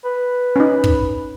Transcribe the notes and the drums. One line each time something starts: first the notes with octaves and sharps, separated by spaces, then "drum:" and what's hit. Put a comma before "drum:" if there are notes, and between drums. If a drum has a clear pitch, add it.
B4
C#4 D#4
drum: kick